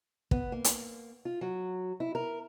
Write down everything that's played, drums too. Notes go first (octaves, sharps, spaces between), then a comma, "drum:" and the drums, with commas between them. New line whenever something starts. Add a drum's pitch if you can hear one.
B3, drum: kick
A#3
drum: hi-hat
F4
F#3
E4
A#4